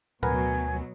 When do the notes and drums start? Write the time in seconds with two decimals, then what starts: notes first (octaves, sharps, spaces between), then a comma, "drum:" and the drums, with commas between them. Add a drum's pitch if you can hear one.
0.23 D2 B2 F#3 B3 A#4 B4 G#5, drum: tom A2